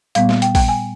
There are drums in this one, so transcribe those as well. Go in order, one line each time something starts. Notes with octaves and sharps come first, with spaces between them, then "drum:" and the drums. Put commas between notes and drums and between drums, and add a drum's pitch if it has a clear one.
A#2 G3 B3 F5, drum: hi-hat
drum: snare
G5, drum: hi-hat
G5, drum: kick, open hi-hat
G#5